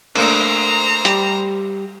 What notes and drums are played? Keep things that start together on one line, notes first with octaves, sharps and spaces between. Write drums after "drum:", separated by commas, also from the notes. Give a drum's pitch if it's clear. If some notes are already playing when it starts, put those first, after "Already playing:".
A3 A#3 D4 C5 A#5, drum: cymbal
G3 G4, drum: hi-hat